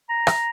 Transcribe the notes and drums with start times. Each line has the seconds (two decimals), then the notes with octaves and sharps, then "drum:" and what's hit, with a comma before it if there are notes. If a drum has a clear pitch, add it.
0.09 A#5
0.27 drum: rim click